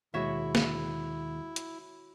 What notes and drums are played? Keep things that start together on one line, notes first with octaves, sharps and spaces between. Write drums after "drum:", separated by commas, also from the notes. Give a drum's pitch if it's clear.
D#2 B2 G#3 E4 F#4 C#5 E5
drum: snare
drum: hi-hat